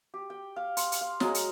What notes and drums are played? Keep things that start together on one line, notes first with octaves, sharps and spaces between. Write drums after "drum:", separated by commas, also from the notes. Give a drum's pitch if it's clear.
G4
G5
F5
C6, drum: hi-hat
drum: hi-hat
F5
F#3 G#3 A#5, drum: snare
drum: hi-hat